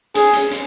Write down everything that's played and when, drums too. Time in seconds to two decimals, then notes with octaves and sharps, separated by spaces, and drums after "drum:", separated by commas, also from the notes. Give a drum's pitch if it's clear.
0.15 G#4, drum: hi-hat
0.33 drum: hi-hat
0.51 drum: hi-hat